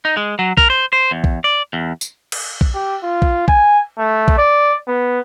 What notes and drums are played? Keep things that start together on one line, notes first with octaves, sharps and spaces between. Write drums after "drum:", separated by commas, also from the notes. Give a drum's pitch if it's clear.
D#4
G#3
F#3
A#4, drum: kick A#1
C5
C5
E2
drum: kick A#1
D5
E2
drum: tambourine
drum: cymbal
drum: kick A#1
G4
F4
drum: kick A#1
G#5, drum: kick A#1
A3
drum: kick A#1
D5
B3